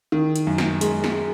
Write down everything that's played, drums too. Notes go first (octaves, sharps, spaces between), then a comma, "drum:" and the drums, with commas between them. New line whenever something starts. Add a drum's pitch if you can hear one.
D#3
drum: hi-hat
F#2
drum: snare
G#3, drum: hi-hat
drum: snare